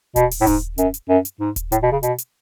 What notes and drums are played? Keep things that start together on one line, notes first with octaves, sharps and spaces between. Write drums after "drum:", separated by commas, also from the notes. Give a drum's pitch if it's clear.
B2, drum: kick D#1, hi-hat
drum: open hi-hat
A2
G#2, drum: kick D#1, hi-hat
F#2, drum: hi-hat
drum: hi-hat
F#2
drum: hi-hat
G#2
drum: kick D#1, hi-hat
A2, drum: hi-hat
B2
C#3
B2, drum: hi-hat
drum: hi-hat